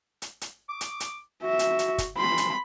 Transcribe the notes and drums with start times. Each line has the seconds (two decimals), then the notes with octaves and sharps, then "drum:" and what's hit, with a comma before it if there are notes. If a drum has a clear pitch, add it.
0.22 drum: hi-hat
0.41 drum: hi-hat
0.69 D6
0.81 drum: hi-hat
1.00 drum: hi-hat
1.43 F#4 E5
1.59 drum: hi-hat
1.79 drum: hi-hat
1.98 drum: kick, hi-hat
2.18 B5 C6
2.38 drum: hi-hat